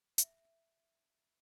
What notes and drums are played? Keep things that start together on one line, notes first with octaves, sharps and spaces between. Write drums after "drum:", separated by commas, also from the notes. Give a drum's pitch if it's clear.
E5, drum: hi-hat